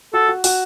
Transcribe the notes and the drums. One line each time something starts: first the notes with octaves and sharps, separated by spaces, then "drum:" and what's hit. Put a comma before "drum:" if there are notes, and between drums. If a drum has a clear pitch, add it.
F#4 A4
F#4
F#4, drum: open hi-hat